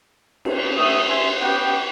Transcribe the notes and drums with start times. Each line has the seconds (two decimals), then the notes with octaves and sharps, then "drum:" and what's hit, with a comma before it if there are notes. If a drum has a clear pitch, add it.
0.45 drum: cymbal
0.77 A3 E5 D#6
1.09 E5 G#5 C6
1.41 B3 F#4 G4 G5